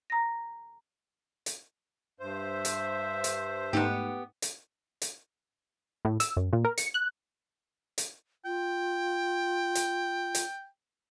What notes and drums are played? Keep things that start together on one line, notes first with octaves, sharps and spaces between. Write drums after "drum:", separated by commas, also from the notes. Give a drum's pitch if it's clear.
A#5 A#6
drum: hi-hat
G2 C5 E5
drum: hi-hat
drum: hi-hat
G#2 A3 B3 D#4 G4
drum: hi-hat
drum: hi-hat
A2
E6, drum: hi-hat
F#2
A#2
A#4
C#7, drum: hi-hat
F#6
drum: hi-hat
F4 G5
drum: hi-hat
drum: hi-hat